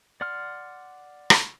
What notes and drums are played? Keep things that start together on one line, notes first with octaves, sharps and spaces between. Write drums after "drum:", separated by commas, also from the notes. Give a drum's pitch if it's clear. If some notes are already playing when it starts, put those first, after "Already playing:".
D5 F#5 C6 F6
drum: rim click